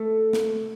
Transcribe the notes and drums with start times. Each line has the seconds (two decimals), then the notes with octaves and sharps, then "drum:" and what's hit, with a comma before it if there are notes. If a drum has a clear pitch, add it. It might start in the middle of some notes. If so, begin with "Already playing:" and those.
Already playing: A3
0.33 drum: snare